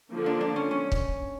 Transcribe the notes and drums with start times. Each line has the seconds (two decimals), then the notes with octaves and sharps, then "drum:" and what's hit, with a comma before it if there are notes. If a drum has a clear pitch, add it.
0.11 D3 F3 A#3
0.26 D4
0.41 D4
0.56 C#4
0.71 C#4
0.92 drum: kick